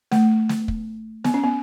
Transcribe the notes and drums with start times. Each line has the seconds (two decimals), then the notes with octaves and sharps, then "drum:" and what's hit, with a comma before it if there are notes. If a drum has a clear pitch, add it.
0.12 A3, drum: snare
0.49 drum: snare
0.68 drum: kick
1.24 B3, drum: snare
1.34 C#4
1.44 B3